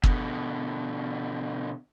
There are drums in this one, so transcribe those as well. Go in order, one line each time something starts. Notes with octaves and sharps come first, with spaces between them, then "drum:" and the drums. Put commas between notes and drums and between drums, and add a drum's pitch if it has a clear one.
B2 D3, drum: kick